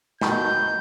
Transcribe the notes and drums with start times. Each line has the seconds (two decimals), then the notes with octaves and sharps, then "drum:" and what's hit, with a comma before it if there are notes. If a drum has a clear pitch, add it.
0.21 B2 D#3 G6, drum: snare